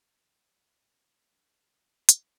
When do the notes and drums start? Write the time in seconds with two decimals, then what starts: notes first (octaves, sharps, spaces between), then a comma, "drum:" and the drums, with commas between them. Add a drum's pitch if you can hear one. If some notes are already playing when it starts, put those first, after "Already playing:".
Already playing: E3 A#3 F4
0.12 E3
0.52 A#3 F4
0.91 C3
1.30 G3 D4
1.69 C3
2.09 G3 D4, drum: hi-hat